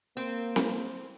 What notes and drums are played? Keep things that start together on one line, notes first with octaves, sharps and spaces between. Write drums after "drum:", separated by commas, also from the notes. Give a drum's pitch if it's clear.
A#3 C4
drum: snare C4